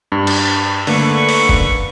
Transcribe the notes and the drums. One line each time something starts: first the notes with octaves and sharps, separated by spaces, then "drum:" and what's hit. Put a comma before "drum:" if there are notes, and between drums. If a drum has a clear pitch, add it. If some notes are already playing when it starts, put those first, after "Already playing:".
G2
drum: cymbal
D3 A3 A#3 B4 C#6, drum: open hi-hat
drum: open hi-hat
drum: kick E1